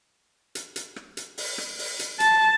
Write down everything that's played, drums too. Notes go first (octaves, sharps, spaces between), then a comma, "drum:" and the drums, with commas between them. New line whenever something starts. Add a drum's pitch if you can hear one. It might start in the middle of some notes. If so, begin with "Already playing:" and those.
drum: hi-hat
drum: hi-hat
drum: rim click
drum: hi-hat
drum: open hi-hat
drum: rim click
drum: open hi-hat
drum: hi-hat
A5, drum: hi-hat